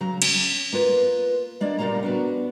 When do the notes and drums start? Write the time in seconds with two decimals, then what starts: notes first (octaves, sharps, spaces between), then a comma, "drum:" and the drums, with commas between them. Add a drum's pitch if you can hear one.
0.01 C#3 F#3 A#5
0.22 C#4, drum: cymbal
0.73 A#3 F4 B4
1.61 G#3 A#3 D4 D5
1.79 A#2 C#3 G3 A#3 F4 A#5
2.03 B3 D4 F#4